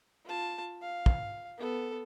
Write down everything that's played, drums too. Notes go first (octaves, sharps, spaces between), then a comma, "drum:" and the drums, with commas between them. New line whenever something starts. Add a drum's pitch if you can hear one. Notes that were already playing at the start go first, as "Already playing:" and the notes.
F4 A5
F5
drum: kick
B3 A4